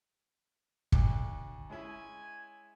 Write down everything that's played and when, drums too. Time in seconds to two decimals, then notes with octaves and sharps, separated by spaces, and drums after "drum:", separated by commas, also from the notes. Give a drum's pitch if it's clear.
0.92 D2 D3, drum: kick
1.70 G#3 C#4 E4 G#5